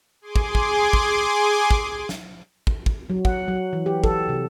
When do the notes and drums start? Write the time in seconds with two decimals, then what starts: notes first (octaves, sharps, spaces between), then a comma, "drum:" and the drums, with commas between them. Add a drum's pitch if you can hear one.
0.22 G#4 G#5 C6 D6
0.36 drum: kick
0.55 drum: kick
0.93 drum: kick
1.71 drum: kick
2.09 drum: snare
2.67 drum: kick
2.86 drum: kick
3.10 F#3
3.25 F#5, drum: kick
3.48 F#3
3.73 E3
3.86 G4
4.04 A4, drum: kick
4.29 C3